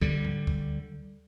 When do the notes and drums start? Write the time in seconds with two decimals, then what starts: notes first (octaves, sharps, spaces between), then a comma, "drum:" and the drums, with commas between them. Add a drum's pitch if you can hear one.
0.01 D3 G3, drum: kick D2
0.24 drum: tom G#2
0.47 drum: kick D2